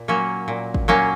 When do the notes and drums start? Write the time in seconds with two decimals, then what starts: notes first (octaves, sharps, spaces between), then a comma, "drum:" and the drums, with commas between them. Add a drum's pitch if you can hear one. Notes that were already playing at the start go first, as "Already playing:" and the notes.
Already playing: A#2
0.08 F#3 A#3 C#4
0.48 A#2
0.74 drum: kick
0.88 F#3 A#3 C#4